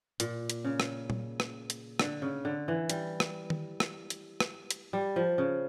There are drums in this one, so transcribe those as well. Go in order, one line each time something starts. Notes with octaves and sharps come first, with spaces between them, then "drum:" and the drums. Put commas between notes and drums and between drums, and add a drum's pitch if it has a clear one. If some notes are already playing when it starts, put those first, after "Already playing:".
A#2, drum: hi-hat
drum: hi-hat
C#3
drum: rim click
drum: tom A#2
drum: rim click
drum: hi-hat
D3, drum: rim click
C#3
D3
E3
G3, drum: hi-hat
drum: rim click
drum: tom D#3
drum: rim click
drum: hi-hat
drum: rim click
drum: hi-hat
G3
F3
C#3